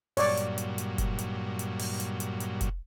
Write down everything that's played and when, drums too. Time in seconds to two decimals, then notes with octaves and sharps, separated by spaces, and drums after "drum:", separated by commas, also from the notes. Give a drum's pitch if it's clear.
0.17 G2 A#2 F#3 C#5 D5, drum: open hi-hat
0.37 drum: hi-hat
0.58 drum: hi-hat
0.78 drum: hi-hat
0.98 drum: kick, hi-hat
1.19 drum: hi-hat
1.59 drum: hi-hat
1.79 drum: open hi-hat
2.00 drum: hi-hat
2.20 drum: hi-hat
2.40 drum: hi-hat
2.61 drum: kick, hi-hat